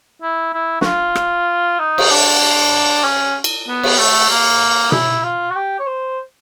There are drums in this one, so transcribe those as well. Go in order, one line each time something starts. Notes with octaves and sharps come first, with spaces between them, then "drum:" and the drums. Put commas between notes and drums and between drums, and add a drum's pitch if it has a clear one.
E4
E4
F#4, drum: snare
F4
drum: rim click
D#4
drum: cymbal
D4
C#4
drum: cymbal
B3
drum: cymbal
A3
A#3
E4, drum: tom B2
F4
F#4
G4
C#5
C5